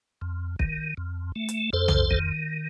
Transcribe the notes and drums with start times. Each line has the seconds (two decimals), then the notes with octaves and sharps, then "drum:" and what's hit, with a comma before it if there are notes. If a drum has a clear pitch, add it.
0.21 F2
0.59 D#3, drum: kick
0.97 F2
1.36 A3
1.49 drum: hi-hat
1.73 F2 A4 C5
1.88 drum: tom B1
2.11 D#3, drum: kick